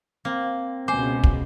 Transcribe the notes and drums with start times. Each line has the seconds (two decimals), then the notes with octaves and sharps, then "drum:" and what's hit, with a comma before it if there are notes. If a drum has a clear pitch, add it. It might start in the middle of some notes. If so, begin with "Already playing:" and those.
0.25 A#3 C4
0.88 C#2 B2 C5 G#5 D6
1.24 drum: kick